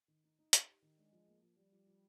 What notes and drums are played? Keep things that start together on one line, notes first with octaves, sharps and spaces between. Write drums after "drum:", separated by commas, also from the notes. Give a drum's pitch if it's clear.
D#3
D#4
D#4
D#4, drum: hi-hat
G4
D#3
G#3 D4
F3
A#3
F3
F3 G3
F3
F3